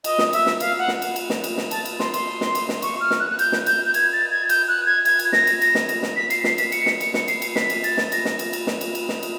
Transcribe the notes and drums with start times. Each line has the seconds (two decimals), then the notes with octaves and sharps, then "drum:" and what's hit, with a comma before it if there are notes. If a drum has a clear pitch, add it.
0.04 D#5, drum: cymbal
0.18 drum: snare
0.33 E5, drum: cymbal
0.46 drum: snare
0.60 F5, drum: cymbal
0.78 F#5
0.88 drum: snare
1.02 drum: cymbal
1.16 drum: cymbal
1.30 drum: snare
1.44 drum: cymbal
1.58 drum: snare
1.71 A5, drum: cymbal
1.85 drum: cymbal
2.00 C6, drum: snare
2.14 C6, drum: cymbal
2.41 drum: snare
2.55 drum: cymbal
2.69 drum: snare
2.82 C#6, drum: cymbal
3.01 F6
3.11 drum: snare
3.20 F#6
3.31 F#6
3.39 G6, drum: cymbal
3.52 drum: snare
3.66 G6, drum: cymbal
3.86 G6
3.94 G#6, drum: cymbal
4.13 A6
4.31 G#6
4.49 G6, drum: cymbal
4.68 F#6
4.86 G#6
5.05 G#6, drum: cymbal
5.19 drum: cymbal
5.33 A#6, drum: snare
5.47 drum: cymbal
5.62 A#6, drum: cymbal
5.75 drum: snare
5.89 drum: cymbal
6.03 drum: snare
6.16 B6
6.30 C7, drum: cymbal
6.44 C7, drum: snare
6.58 B6, drum: cymbal
6.72 C#7, drum: cymbal
6.86 drum: snare
7.00 C#7, drum: cymbal
7.14 drum: snare
7.28 C7, drum: cymbal
7.42 drum: cymbal
7.56 B6, drum: snare
7.70 drum: cymbal
7.84 A6, drum: cymbal
7.97 drum: snare
8.12 A#6, drum: cymbal
8.25 drum: snare
8.39 drum: cymbal
8.53 drum: cymbal
8.67 drum: snare
8.81 drum: cymbal
8.95 drum: cymbal
9.09 drum: snare
9.23 drum: cymbal